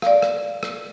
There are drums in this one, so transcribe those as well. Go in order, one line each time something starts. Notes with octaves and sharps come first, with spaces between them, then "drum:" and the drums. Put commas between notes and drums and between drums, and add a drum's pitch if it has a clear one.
D5 F5, drum: rim click
drum: rim click
drum: rim click